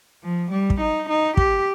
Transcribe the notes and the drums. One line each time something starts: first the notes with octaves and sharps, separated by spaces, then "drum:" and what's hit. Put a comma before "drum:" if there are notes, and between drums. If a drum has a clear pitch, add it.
F3
G3
drum: kick
D#4
D#4
G4, drum: kick